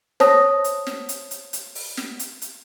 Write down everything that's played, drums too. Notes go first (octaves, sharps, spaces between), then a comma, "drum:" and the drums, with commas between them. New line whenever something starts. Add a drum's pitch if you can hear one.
C5 C#5 A5 D#6 A#6, drum: snare
drum: hi-hat
drum: snare
drum: hi-hat
drum: hi-hat
drum: hi-hat
drum: open hi-hat
drum: snare
drum: hi-hat
drum: hi-hat